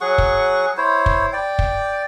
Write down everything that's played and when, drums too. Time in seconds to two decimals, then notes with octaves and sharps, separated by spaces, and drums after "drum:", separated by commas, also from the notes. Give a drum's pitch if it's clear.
0.01 F#3 G#4 F#5 C#6
0.18 drum: kick
0.77 E4 C5 C#5
1.06 drum: kick
1.33 D5 G5
1.59 drum: kick